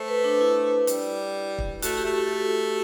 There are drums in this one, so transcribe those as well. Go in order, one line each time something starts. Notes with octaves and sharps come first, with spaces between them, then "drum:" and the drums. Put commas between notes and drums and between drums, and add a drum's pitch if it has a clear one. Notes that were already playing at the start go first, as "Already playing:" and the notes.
Already playing: A3 C5
B4
D4
E4
G3, drum: hi-hat
drum: kick
A3 F#4, drum: hi-hat
G4
A3
A4